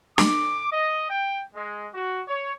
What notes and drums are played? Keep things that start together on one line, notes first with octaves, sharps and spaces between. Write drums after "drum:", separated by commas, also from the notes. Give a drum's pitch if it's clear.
D6, drum: snare
D#5
G5
G#3
F#4
C#5